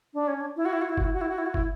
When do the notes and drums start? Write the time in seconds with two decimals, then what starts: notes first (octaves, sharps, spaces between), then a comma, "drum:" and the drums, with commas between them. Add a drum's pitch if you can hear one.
0.14 D4
0.28 C#4
0.40 D4
0.56 E4
0.65 F#4
0.73 E4
0.82 F#4
0.89 E4
0.97 F#4, drum: kick
1.05 E4
1.14 F#4
1.21 E4
1.29 F#4
1.38 E4
1.46 F#4
1.54 E4, drum: kick